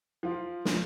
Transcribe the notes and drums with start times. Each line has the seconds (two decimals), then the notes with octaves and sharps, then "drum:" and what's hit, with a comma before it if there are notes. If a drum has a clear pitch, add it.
0.23 F3 F4
0.65 drum: snare